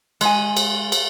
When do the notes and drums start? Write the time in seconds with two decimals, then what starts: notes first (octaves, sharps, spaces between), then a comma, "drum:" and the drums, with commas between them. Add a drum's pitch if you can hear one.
0.21 G#3 G#5, drum: cymbal
0.57 drum: cymbal
0.92 drum: cymbal